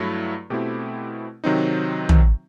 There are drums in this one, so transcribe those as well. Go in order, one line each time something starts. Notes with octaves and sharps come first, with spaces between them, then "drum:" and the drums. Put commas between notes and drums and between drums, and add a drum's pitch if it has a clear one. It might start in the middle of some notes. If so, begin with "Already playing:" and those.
Already playing: G2 F#3 A3 E4
B2 A3 C4 E4 G4
C3 D#3 F#3 C4 D#4
drum: tom